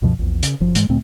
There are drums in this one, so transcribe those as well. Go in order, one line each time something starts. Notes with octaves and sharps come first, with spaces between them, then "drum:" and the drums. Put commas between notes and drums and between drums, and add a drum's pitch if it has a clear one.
C#2 F#2 B2 F3
A#1 E2
C#3, drum: hi-hat
F#1 F3
G#2 E3 G#3, drum: hi-hat
D2 A#2 A3 C4